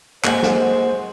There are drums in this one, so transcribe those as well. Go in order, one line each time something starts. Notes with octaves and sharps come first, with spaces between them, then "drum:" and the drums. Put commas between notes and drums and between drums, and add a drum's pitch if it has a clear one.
G#3 A#3 F#4 C5 D#5 F#5, drum: clap
drum: snare